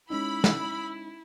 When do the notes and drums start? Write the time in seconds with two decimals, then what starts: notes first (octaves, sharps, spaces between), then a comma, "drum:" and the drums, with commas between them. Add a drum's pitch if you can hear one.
0.10 G#3 C#4 D#4 E4 B5 E6
0.44 drum: snare